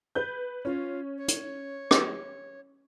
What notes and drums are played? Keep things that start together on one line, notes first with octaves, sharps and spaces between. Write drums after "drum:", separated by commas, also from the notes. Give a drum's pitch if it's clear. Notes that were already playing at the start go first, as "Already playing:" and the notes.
B4 G6
C#4 F4
C#5
drum: hi-hat
drum: rim click